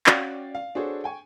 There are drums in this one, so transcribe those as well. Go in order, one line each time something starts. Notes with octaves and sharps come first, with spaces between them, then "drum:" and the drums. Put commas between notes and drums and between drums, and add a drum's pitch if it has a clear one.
C#4 F#4 D5 F5 G5, drum: clap
F5
D4 F#4 G#4 A4 C5 C#5
G5 G#5 C#6